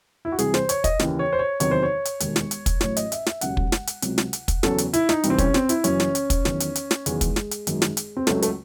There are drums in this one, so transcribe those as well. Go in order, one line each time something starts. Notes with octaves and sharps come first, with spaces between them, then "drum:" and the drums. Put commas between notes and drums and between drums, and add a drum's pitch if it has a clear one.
E4
F#4
C2 C3 E3 G#4, drum: hi-hat
C5, drum: snare
C#5, drum: hi-hat
D#5, drum: kick, hi-hat
D#2 C#3 E3, drum: snare
C#5
C5
C#5
E2 C3 D#3 F#3 C#5, drum: hi-hat
C5
C#5
drum: hi-hat
E1 D#2 D#3, drum: hi-hat
drum: snare
drum: hi-hat
drum: kick, hi-hat
A1 A2 F#3 C#5, drum: snare
D#5, drum: hi-hat
E5, drum: hi-hat
E5, drum: snare
E1 D#2 C#3 F#3 F#5, drum: hi-hat
drum: kick
drum: snare
drum: hi-hat
C#2 C3 F#3, drum: hi-hat
drum: snare
drum: hi-hat
drum: kick, hi-hat
E2 C#3 F#3 A4, drum: snare
drum: hi-hat
E4, drum: hi-hat
D#4, drum: snare
C2 C3 E3, drum: hi-hat
C4
C#4, drum: kick, hi-hat
C4, drum: snare
E4, drum: hi-hat
F#1 F#2 E3 C#4, drum: hi-hat
drum: snare
drum: hi-hat
drum: kick, hi-hat
E2 D#3 F#3, drum: snare
drum: hi-hat
drum: hi-hat
drum: snare
E1 E2 D#3 F#3 G#3, drum: hi-hat
drum: kick, hi-hat
drum: snare
drum: hi-hat
G#1 F#2 D#3 F#3, drum: hi-hat
drum: snare
drum: hi-hat
C4
C#2 C#3 F#3 A3, drum: snare
A3, drum: hi-hat